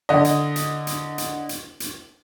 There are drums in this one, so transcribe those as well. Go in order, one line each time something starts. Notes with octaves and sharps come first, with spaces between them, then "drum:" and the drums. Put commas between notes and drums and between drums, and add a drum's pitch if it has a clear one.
D3 D#5
drum: hi-hat
drum: hi-hat
drum: hi-hat
drum: hi-hat
drum: hi-hat
drum: hi-hat